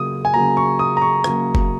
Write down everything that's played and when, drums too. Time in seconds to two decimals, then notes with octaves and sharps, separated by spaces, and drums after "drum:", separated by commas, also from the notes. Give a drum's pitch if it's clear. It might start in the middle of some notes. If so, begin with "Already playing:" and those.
Already playing: C#3 F#3 A#3 D#6
0.25 G#5
0.34 C#3 F#3 A#3 A#5
0.57 C#6
0.79 D#6
0.97 A#5
1.02 C#6
1.24 C#3 F#3 A#3, drum: rim click
1.55 drum: kick F#1